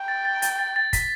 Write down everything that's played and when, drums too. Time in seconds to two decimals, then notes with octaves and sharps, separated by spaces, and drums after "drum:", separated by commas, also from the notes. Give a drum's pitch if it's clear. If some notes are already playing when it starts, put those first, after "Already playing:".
Already playing: G5
0.08 A6
0.25 A6
0.42 A6, drum: hi-hat
0.59 A6
0.76 A6
0.93 B6, drum: kick, hi-hat